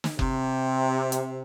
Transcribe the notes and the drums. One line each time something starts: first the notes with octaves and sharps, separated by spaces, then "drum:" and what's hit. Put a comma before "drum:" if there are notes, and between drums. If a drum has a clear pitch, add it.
drum: snare
C3, drum: kick F#1
drum: hi-hat